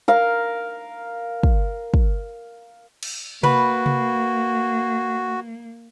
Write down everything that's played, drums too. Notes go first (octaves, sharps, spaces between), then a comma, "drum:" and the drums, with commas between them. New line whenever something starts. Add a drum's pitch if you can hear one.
A#4 F5
drum: kick
drum: kick
drum: cymbal
A#3 F#4 B4, drum: tom C3
drum: tom C3